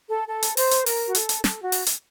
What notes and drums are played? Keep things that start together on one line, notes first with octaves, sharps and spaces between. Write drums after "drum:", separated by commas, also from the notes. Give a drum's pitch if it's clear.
A4
A4
drum: hi-hat
C5, drum: open hi-hat
drum: hi-hat
A#4, drum: open hi-hat
F#4
A4, drum: hi-hat
drum: hi-hat
A4, drum: snare
F#4
drum: open hi-hat
drum: hi-hat